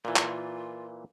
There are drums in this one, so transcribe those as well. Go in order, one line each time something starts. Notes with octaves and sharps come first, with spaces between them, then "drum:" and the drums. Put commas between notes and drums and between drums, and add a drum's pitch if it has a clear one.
A#2 E3 F4
drum: clap